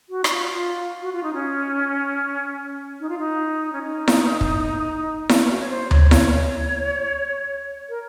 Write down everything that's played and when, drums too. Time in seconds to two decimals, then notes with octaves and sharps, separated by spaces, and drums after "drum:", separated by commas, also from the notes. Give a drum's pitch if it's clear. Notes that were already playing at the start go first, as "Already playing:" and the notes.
0.09 F#4
0.24 D#4, drum: rim click
0.30 F4
0.51 F4
1.02 F#4
1.12 F4
1.23 D#4
1.34 C#4
3.00 D#4
3.09 F4
3.19 D#4
3.73 C#4
3.83 D#4
4.08 drum: snare E4
4.41 drum: kick
5.29 drum: snare E4
5.49 F#4
5.61 C#5
5.70 C5
5.91 C#5, drum: tom D2
6.11 C#5, drum: snare E4
6.32 C#5
7.89 A#4